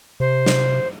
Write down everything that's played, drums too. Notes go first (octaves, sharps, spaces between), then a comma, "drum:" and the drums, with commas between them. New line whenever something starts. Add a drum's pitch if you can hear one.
C3 C5
drum: snare